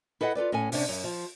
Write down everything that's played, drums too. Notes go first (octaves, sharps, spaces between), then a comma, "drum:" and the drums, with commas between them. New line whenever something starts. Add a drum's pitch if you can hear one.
E4 A4 B4 D#5 F#5
F4 A4 B4 D5
A2 C#4 A4 G#5
C3 C#4 D4, drum: open hi-hat
F#2
F3